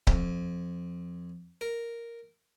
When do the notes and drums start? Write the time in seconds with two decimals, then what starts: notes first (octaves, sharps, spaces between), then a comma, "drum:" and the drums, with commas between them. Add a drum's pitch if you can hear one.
0.07 F2, drum: kick C#1
1.61 A#4